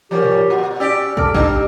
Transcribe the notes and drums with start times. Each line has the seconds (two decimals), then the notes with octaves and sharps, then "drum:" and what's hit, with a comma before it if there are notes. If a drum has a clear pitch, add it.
0.11 F3 G3 C#4 G4 A#4 D5
0.23 drum: tom G#2
0.50 A#2 F#4
0.80 C#4 G4 D5 E6 B6 D7
1.17 A4 D6 F6 D7, drum: kick
1.34 A3 D4 G4, drum: kick